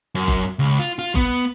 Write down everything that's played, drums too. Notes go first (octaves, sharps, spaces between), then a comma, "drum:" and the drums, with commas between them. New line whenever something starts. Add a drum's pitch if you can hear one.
F#2
drum: kick F#1
C#2
F4
F4
B3, drum: kick F#1